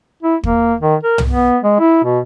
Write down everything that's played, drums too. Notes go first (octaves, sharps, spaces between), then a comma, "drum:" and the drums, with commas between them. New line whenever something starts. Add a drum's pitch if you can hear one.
E4
A#3, drum: kick
D#3
A#4
drum: tom
B3
G#3
E4
B2